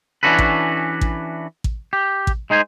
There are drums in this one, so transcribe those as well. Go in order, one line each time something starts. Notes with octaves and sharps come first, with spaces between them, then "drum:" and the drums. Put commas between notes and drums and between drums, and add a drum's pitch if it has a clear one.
E3 C#4 D4 F#4 A4 B4
drum: kick A1
drum: kick A1
drum: kick A1
G4
drum: kick A1
G#3 D#4 C5 G#5